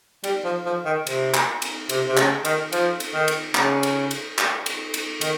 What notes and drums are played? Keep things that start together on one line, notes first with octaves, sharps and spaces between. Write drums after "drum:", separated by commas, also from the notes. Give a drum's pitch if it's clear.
G3, drum: cymbal
F3
F3
D#3
C3, drum: cymbal
drum: clap
drum: cymbal
C3, drum: cymbal
C3
C#3, drum: clap
D#3, drum: cymbal
F3, drum: cymbal
drum: cymbal
D#3
drum: cymbal
C#3, drum: clap
drum: cymbal
drum: cymbal
drum: clap
drum: cymbal
drum: cymbal
D#3, drum: cymbal